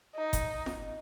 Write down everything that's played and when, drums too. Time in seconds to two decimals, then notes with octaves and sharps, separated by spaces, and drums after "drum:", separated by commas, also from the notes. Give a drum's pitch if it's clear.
0.16 D#4
0.33 drum: kick F#1, hi-hat
0.66 drum: snare